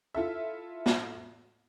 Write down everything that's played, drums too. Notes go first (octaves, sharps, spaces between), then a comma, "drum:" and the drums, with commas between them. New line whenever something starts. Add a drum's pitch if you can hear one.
E4 F4 A4 E5
drum: snare